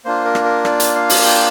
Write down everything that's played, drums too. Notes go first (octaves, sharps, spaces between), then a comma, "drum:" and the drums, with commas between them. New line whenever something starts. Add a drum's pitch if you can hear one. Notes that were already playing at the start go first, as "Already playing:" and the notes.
A#3 D4 F4 C5
A#4
drum: rim click
A#4
D5, drum: rim click
drum: hi-hat
F5
drum: open hi-hat
G5